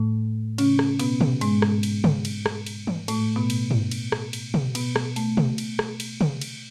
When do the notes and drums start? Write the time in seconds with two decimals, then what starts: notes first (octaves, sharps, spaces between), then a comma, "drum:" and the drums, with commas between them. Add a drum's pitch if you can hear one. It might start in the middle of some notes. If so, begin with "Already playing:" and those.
Already playing: A2 A3
0.58 C#3 C#4, drum: cymbal
0.79 drum: rim click
0.99 B2 B3, drum: cymbal
1.21 drum: tom
1.41 G#2 G#3, drum: cymbal
1.62 drum: rim click
1.83 drum: cymbal
2.04 drum: tom
2.25 drum: cymbal
2.46 drum: rim click
2.66 drum: cymbal
2.87 drum: tom D#3
3.08 A2 A3, drum: cymbal
3.36 B2 B3
3.50 drum: cymbal
3.71 drum: tom
3.91 drum: cymbal
4.12 drum: rim click
4.33 drum: cymbal
4.54 drum: tom
4.75 B2 B3, drum: cymbal
4.96 drum: rim click
5.16 A3, drum: cymbal
5.37 drum: tom
5.58 drum: cymbal
5.79 drum: rim click
6.00 drum: cymbal
6.21 drum: tom
6.41 drum: cymbal